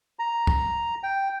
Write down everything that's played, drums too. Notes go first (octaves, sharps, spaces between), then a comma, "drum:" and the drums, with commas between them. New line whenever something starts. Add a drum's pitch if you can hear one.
A#5
drum: kick
G5